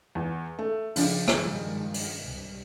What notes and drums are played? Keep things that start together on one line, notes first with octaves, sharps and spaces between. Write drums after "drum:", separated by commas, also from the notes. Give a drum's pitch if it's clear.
E2
A3
C#3 F3 D4, drum: open hi-hat
drum: rim click
G2 D#3 G#3
drum: open hi-hat
C2 G2